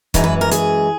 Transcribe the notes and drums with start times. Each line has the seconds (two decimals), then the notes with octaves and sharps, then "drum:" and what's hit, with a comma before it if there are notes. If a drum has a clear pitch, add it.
0.14 F#2 E3 G#3 D#4, drum: kick C#1, hi-hat
0.24 B4
0.41 A#4
0.51 G#4, drum: hi-hat